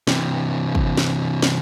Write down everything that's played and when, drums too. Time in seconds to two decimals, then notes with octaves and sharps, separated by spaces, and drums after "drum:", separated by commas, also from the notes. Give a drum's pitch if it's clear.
0.07 C3 E3, drum: snare
0.75 drum: kick
0.97 drum: snare
1.42 drum: snare